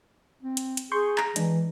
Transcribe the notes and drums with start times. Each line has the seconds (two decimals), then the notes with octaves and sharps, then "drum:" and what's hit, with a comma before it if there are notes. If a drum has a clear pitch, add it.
0.43 C4
0.57 drum: hi-hat
0.77 drum: hi-hat
0.92 G#4 C6 C#6 G6
1.18 A#5, drum: clap
1.36 E3 G#3 D4, drum: hi-hat